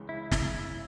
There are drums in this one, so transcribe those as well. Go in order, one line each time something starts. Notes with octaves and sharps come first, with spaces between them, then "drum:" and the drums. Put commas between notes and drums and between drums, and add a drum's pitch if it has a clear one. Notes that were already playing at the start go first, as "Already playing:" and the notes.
Already playing: C#2 C#3 E3 G#3
E4
E4, drum: snare
E4